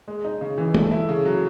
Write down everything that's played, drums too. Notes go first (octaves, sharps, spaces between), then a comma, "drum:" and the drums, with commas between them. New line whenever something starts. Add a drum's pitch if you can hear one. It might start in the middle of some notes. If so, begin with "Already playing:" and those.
G#3
D#4
C#3
E3
A3, drum: tom
E4
C#3
F#3